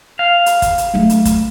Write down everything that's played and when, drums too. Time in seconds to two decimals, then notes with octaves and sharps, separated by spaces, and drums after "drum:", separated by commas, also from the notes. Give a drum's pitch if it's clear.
0.19 F5
0.46 drum: hi-hat
0.62 drum: kick, hi-hat
0.78 drum: hi-hat
0.94 F#3 A3
1.10 drum: hi-hat
1.25 drum: kick, hi-hat